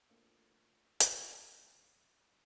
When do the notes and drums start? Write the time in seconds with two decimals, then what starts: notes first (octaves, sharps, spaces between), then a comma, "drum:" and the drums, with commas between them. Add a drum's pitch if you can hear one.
0.09 A3 A#3 C4 D4 F4 A4
1.00 drum: hi-hat